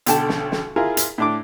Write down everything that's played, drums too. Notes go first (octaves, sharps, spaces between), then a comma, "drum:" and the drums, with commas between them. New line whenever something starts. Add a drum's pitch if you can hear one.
B1 D3 G5 A5, drum: hi-hat
drum: snare
drum: snare
E4 F4 G#4 A#4
drum: hi-hat
A2 D4 D6